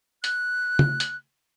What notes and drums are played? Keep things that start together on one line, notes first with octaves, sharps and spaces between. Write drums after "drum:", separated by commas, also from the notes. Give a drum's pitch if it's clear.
F#6, drum: hi-hat
drum: tom
drum: hi-hat